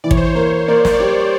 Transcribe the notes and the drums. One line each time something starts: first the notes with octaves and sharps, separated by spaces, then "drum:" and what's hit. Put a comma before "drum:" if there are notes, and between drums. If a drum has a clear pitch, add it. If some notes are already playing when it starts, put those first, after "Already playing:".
E3 D5
C#5, drum: kick
C5
C#5
A#3 C5
A#3 D5
drum: snare
D5
G3 C#5